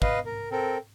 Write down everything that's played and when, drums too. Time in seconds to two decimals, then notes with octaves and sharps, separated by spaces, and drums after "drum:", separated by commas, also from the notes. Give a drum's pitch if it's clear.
0.02 B4 D#5 F5, drum: kick
0.26 A#4
0.51 C4 A4 A#4